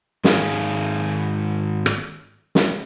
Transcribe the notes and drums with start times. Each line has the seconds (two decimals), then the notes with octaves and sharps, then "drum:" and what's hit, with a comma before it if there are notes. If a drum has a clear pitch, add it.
0.24 G#2 D#3 G#4 F5 G#5, drum: snare
1.86 drum: rim click
2.55 drum: snare